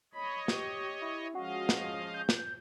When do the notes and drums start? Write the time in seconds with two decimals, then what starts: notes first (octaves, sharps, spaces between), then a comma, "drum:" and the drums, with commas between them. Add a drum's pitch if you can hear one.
0.13 C#5 D#5 B5
0.48 G4, drum: snare
1.01 E4
1.35 F3 G#3 C#4 F#4 D#5 F5
1.69 drum: snare
2.14 G6
2.29 drum: snare